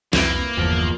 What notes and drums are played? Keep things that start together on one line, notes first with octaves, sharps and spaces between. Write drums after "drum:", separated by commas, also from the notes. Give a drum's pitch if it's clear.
C2 F2 A#3 C#4 E4 B4 C#5, drum: snare
G1 E2 A#2 F3